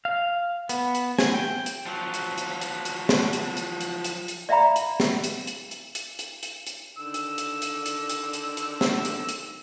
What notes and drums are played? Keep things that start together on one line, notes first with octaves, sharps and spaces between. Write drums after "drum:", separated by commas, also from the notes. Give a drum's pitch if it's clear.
F5
B3, drum: hi-hat
drum: hi-hat
G#5, drum: snare
G5
drum: hi-hat
F3 F#3
drum: hi-hat
drum: hi-hat
drum: hi-hat
drum: hi-hat
drum: snare
drum: hi-hat
drum: hi-hat
drum: hi-hat
drum: hi-hat
drum: hi-hat
D5 E5 F5 G5 A#5 B5
drum: hi-hat
drum: snare
drum: hi-hat
drum: hi-hat
drum: hi-hat
drum: hi-hat
drum: hi-hat
drum: hi-hat
drum: hi-hat
D3 D#3 E6
drum: hi-hat
drum: hi-hat
drum: hi-hat
drum: hi-hat
drum: hi-hat
drum: hi-hat
drum: hi-hat
drum: snare
drum: hi-hat
drum: hi-hat